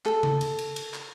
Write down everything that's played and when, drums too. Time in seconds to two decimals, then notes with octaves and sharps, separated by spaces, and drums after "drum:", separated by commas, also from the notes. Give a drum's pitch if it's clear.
0.06 A4, drum: clap
0.23 drum: tom C#3
0.41 drum: cymbal
0.59 drum: cymbal
0.76 drum: cymbal
0.94 drum: clap